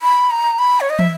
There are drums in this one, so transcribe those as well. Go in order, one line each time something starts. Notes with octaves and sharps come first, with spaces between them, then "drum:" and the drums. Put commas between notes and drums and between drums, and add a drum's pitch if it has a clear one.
B5
A#5
B5
C#5
D#5
E5, drum: tom